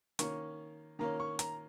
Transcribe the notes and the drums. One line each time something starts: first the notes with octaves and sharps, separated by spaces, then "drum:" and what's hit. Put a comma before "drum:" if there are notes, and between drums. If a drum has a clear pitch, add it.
D#3 A#3 C#4 C#6, drum: hi-hat
D#3 A#3 C#4 A#5
C#6
A#5, drum: hi-hat